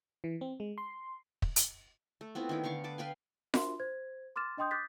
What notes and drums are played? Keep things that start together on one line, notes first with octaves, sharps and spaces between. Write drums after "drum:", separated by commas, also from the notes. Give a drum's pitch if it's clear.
E3
C4
G#3
C6
drum: kick
drum: hi-hat
A3
B3 C4 E4 F4
D#3 C#4 E4 G5
D3 F5 C#6 D6
B4 A5 D6
B4 F5 G5 G#5
D4 F4 F#4 A#4 E5 C6, drum: snare F4
C5 G#6
C6 D6 F6 A6 E7
D4 D#5 G5 C6 D#6 G6
D6 D#6 F#6 G6 A6 B6